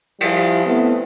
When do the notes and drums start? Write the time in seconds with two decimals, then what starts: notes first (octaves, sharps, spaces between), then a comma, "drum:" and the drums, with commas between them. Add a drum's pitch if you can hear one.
0.21 F3 G3 E4 F4, drum: cymbal
0.65 A3 B3 C4 E4